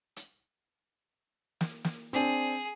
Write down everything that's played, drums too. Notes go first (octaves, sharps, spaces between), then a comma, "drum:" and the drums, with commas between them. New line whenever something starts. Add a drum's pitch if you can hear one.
drum: hi-hat
drum: snare
drum: snare
C4 D4 G#4, drum: hi-hat